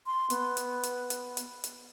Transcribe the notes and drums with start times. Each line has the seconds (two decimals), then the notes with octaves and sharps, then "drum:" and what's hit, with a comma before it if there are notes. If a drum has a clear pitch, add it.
0.06 C6
0.30 B3, drum: hi-hat
0.57 drum: hi-hat
0.83 drum: hi-hat
1.10 drum: hi-hat
1.37 drum: hi-hat
1.64 drum: hi-hat